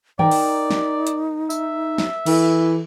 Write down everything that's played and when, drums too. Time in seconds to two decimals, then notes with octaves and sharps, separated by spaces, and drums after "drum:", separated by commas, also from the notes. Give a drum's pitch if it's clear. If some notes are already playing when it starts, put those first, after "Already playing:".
0.19 D#4 A#4 D5 G5, drum: tom D#3
0.31 drum: open hi-hat
0.71 drum: snare
1.07 drum: hi-hat
1.50 E5, drum: tambourine
1.98 drum: snare
2.26 E3 A4, drum: cymbal